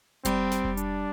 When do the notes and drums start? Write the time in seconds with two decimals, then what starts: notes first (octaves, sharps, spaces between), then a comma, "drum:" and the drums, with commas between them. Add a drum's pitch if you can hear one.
0.25 G3 C4, drum: kick F1, hi-hat
0.51 drum: snare
0.65 drum: kick F1
0.77 D4, drum: hi-hat